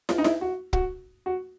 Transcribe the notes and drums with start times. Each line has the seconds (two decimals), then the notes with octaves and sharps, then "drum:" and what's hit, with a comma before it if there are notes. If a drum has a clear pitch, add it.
0.09 F4, drum: snare
0.18 D#4
0.24 E4, drum: snare
0.41 F#4
0.73 F#4, drum: kick
1.26 F#4